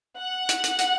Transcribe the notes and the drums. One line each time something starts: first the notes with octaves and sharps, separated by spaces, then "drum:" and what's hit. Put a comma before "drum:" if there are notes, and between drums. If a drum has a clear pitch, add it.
F#5
drum: hi-hat
drum: hi-hat
drum: hi-hat